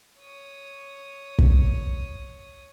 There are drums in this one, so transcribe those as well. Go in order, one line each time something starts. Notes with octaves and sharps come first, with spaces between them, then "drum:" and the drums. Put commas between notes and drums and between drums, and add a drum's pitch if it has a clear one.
C#5 D#6
drum: kick